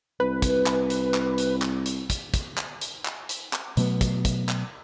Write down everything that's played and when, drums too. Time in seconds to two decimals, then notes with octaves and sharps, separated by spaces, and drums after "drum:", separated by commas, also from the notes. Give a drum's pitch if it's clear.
0.20 C2 B4
0.42 drum: kick, hi-hat
0.66 drum: clap
0.90 drum: hi-hat
1.14 drum: clap
1.38 drum: hi-hat
1.62 drum: clap
1.86 drum: hi-hat
2.10 drum: kick, hi-hat
2.34 drum: kick, hi-hat
2.58 drum: clap
2.81 drum: hi-hat
3.05 drum: clap
3.29 drum: hi-hat
3.53 drum: clap
3.77 B2 F#3 A3 B3, drum: hi-hat
4.01 drum: kick, hi-hat
4.25 drum: kick, hi-hat
4.49 drum: clap